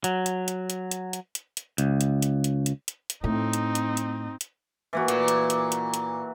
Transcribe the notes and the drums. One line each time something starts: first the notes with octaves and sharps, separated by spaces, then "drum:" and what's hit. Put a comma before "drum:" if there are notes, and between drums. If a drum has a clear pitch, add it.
F#3, drum: hi-hat
drum: hi-hat
drum: hi-hat
drum: hi-hat
drum: hi-hat
drum: hi-hat
drum: hi-hat
drum: hi-hat
C#2, drum: hi-hat
drum: hi-hat
drum: hi-hat
drum: hi-hat
drum: hi-hat
drum: hi-hat
drum: hi-hat
A2 C4 D#4
drum: hi-hat
drum: hi-hat
drum: hi-hat
drum: hi-hat
E3 A#3 F#4
A#2, drum: hi-hat
drum: hi-hat
drum: hi-hat
drum: hi-hat
drum: hi-hat